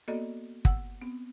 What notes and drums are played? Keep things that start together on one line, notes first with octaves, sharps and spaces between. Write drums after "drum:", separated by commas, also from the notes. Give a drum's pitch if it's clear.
A#3 B3 F#4 A4 D5 D#5
F#5 G5 E6, drum: kick
B3 C4